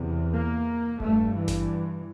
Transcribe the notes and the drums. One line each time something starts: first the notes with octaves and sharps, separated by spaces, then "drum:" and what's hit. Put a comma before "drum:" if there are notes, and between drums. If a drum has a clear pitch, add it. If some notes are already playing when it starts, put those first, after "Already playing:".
Already playing: E2 C3
A#3
G2 A3, drum: kick E1
E3
drum: snare G#1